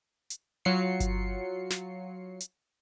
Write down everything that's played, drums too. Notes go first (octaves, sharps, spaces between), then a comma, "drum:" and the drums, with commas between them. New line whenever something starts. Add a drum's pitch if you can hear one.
drum: hi-hat
F#3 F4 C7 C#7
drum: kick G1, hi-hat
drum: snare
drum: hi-hat